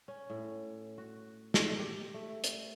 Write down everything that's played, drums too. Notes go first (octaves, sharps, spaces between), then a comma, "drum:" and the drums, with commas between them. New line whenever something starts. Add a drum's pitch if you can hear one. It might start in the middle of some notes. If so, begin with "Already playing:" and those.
C#4
A2
F#4
drum: snare
G4
A3
drum: hi-hat